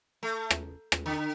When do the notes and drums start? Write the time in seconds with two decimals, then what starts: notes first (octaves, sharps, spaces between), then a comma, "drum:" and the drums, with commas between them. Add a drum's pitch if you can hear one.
0.23 A3
0.51 drum: rim click
0.92 drum: rim click
1.06 D3